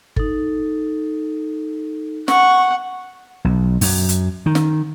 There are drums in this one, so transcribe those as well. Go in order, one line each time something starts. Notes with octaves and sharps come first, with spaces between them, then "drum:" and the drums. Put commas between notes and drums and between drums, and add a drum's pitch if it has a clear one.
D#4 A4, drum: kick G1
F#5 C#6, drum: snare
B1
F#2, drum: open hi-hat
drum: hi-hat
D#3
drum: snare